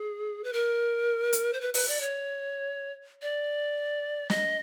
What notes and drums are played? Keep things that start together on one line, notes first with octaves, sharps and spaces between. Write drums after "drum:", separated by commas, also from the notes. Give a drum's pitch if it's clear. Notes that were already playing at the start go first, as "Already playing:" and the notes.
Already playing: G#4
B4
A#4
drum: hi-hat
C5
B4
B4, drum: open hi-hat
D5
C#5
D5
D#5, drum: snare